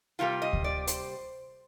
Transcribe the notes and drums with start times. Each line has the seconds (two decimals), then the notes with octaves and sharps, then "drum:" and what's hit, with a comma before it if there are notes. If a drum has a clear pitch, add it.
0.19 C3 G3 A#3 F4
0.42 D#5
0.53 drum: kick D2
0.64 D5
0.87 C5, drum: hi-hat